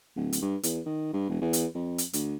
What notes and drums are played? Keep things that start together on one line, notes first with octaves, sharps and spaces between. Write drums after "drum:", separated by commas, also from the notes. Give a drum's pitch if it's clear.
D1
drum: hi-hat
G2
E2, drum: hi-hat
D#3
G2
E1
E2
drum: hi-hat
F2
drum: hi-hat
D2, drum: hi-hat